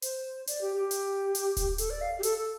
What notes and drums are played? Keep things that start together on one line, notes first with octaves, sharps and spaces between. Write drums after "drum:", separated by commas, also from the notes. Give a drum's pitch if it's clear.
C5, drum: hi-hat
D5, drum: hi-hat
G4
G4
drum: hi-hat
drum: hi-hat
drum: kick D1, hi-hat
A4, drum: hi-hat
D5
F5
G4
A4, drum: hi-hat
A4